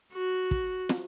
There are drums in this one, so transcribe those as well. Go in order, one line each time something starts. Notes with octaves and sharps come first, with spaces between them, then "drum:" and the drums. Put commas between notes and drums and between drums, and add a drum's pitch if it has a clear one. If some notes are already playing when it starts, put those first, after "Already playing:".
F#4
drum: kick
drum: snare